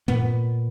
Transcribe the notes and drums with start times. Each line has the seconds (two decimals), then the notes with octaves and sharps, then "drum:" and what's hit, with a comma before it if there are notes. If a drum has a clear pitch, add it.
0.08 A#2 B3, drum: tom